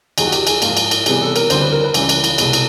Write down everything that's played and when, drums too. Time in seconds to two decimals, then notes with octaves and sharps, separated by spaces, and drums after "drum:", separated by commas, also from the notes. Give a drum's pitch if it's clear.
0.18 D#2 D#3 F#3 G#4, drum: cymbal
0.26 F#4
0.32 G4, drum: cymbal
0.47 G#4, drum: cymbal
0.62 G#2 F3 A#3, drum: cymbal
0.77 drum: cymbal
0.91 drum: cymbal
1.06 C3 E3 G3 B3 G#4, drum: cymbal
1.21 A4
1.36 A#4, drum: cymbal
1.50 D2 D3 G3 C4 C5, drum: cymbal
1.62 B4
1.72 A#4
1.84 B4
1.94 C#2 C#3 E3 G3, drum: cymbal
2.09 drum: cymbal
2.24 drum: cymbal
2.38 C2 B2 G#3, drum: cymbal
2.53 drum: cymbal